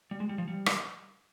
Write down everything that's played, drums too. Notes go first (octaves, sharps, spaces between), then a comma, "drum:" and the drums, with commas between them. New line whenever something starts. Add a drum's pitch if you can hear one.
G3
G#3
G3
F3
G3
drum: rim click